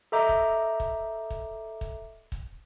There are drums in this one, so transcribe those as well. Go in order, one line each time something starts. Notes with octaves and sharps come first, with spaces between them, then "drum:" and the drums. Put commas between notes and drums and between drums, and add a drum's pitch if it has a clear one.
A4 D#5 E5 A#5 D6 G6
drum: kick
drum: kick
drum: kick
drum: kick
drum: kick